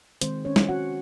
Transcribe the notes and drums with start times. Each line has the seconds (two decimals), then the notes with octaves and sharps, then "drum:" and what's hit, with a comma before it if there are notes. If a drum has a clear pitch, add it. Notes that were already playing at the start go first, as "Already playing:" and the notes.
0.21 D#3 G#3 C4 C5, drum: hi-hat
0.45 C#4 C#5
0.56 drum: snare
0.69 F#4 F#5